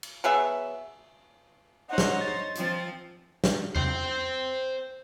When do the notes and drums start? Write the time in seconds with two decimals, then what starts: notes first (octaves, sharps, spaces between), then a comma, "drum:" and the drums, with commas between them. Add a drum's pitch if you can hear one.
0.03 drum: cymbal
0.24 F#3 B3 G#4 E5
1.89 D#4 C5 C#5 F#5
1.98 drum: snare
2.21 A6
2.55 F3 C4, drum: hi-hat
3.44 drum: snare
3.76 C5 G5, drum: tom E2